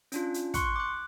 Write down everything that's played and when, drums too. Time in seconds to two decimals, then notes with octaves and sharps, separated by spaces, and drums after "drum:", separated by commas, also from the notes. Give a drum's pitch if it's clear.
0.12 C#4 D4 F4, drum: hi-hat
0.34 drum: hi-hat
0.54 C6 C#6 F#6 C#7, drum: kick, hi-hat
0.76 D6 F#6